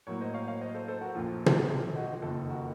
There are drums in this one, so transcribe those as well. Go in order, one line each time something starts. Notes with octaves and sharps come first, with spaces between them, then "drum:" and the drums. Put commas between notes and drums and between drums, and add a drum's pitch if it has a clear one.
A2 F#3 A#3 A#4 C#5
C5 D#5
C#5 F5
C#5 F5
C5 D#5
A4 C5
A4 C5
F#4 A#4
A#1 A#2 F3 F4 A4
drum: tom
F4 A4
D#4 F#4
F4
F#1 F2 D#3 A#3 F4 A4
F#4 A#4